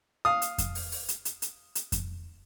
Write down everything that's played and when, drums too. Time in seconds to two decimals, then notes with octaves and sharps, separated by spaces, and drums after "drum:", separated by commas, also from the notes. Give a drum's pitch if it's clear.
0.25 F5 D#6
0.42 drum: hi-hat
0.58 drum: kick F2, hi-hat
0.75 drum: open hi-hat
0.92 drum: open hi-hat
1.08 drum: hi-hat
1.25 drum: hi-hat
1.42 drum: hi-hat
1.75 drum: hi-hat
1.92 drum: kick F2, hi-hat